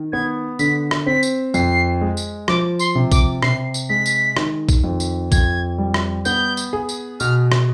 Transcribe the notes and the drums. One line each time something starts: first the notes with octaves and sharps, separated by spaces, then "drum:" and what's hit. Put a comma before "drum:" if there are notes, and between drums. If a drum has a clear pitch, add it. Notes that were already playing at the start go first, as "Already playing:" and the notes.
Already playing: D#3
B3 G#6
D3 B6, drum: tambourine
drum: rim click
C4 B6
drum: tambourine
F2 C7, drum: tambourine
G#3
drum: tambourine
F3 D6, drum: rim click
C6, drum: tambourine
C3
D6, drum: kick A#1, tambourine
C3 C7, drum: rim click
drum: tambourine
G#3 B6
drum: tambourine
D#3, drum: rim click
drum: kick A#1, tambourine
F2
drum: tambourine
F2 G#6, drum: kick A#1, tambourine
G3
drum: rim click
B3 G6, drum: tambourine
drum: tambourine
G#4
drum: tambourine
B2 F6, drum: tambourine
drum: rim click